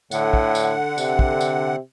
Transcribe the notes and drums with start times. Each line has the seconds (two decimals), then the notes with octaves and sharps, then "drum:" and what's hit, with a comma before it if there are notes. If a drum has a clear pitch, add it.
0.11 A2 D3 F#5, drum: tambourine
0.34 drum: kick
0.55 drum: tambourine
0.98 C3, drum: tambourine
1.19 drum: kick
1.40 drum: tambourine